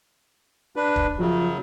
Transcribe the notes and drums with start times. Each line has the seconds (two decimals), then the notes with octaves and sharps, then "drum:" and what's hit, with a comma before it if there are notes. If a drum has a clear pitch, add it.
0.76 D4 B4
0.96 drum: kick
1.19 F#2 C#3 F3 F#3